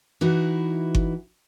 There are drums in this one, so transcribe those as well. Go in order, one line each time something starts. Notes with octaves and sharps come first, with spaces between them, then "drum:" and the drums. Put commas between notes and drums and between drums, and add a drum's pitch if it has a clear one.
E3 D#4 E4 F#4
drum: kick G1